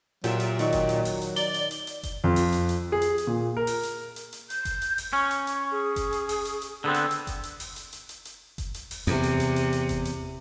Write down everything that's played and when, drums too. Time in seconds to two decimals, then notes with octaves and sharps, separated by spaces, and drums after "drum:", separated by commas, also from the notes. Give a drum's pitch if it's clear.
0.24 A#2 F#3 G4 A#4 E5, drum: hi-hat
0.40 drum: hi-hat
0.59 D#3 D5 C#6, drum: hi-hat
0.72 drum: kick F#1, hi-hat
0.89 drum: hi-hat
1.05 drum: open hi-hat
1.22 drum: hi-hat
1.36 D5 G7, drum: hi-hat
1.54 drum: hi-hat
1.71 drum: hi-hat
1.87 drum: hi-hat
2.03 drum: kick F#1, hi-hat
2.24 F2
2.36 drum: open hi-hat
2.53 drum: hi-hat
2.69 drum: hi-hat
2.92 G#4
3.02 drum: hi-hat
3.18 drum: hi-hat
3.27 A#2
3.57 A#4
3.67 drum: open hi-hat
3.83 drum: hi-hat
4.16 drum: hi-hat
4.33 drum: hi-hat
4.50 G6, drum: hi-hat
4.65 drum: kick F#1, hi-hat
4.82 drum: hi-hat
4.98 drum: open hi-hat
5.13 C#4 C#6
5.31 drum: hi-hat
5.47 drum: hi-hat
5.71 G#4
5.96 drum: kick F#1, hi-hat
6.13 drum: hi-hat
6.29 drum: open hi-hat
6.45 drum: hi-hat
6.62 drum: hi-hat
6.84 D3 B3 C4 E6
6.94 drum: hi-hat
7.11 drum: hi-hat
7.27 drum: kick F#1, hi-hat
7.44 drum: hi-hat
7.60 drum: open hi-hat
7.76 drum: hi-hat
7.93 drum: hi-hat
8.09 drum: hi-hat
8.25 drum: hi-hat
8.58 drum: kick F#1, hi-hat
8.74 drum: hi-hat
8.91 drum: open hi-hat
9.07 E2 C3, drum: hi-hat
9.24 drum: hi-hat
9.40 drum: hi-hat
9.56 drum: hi-hat
9.73 drum: hi-hat
9.89 drum: kick F#1, hi-hat
10.05 drum: hi-hat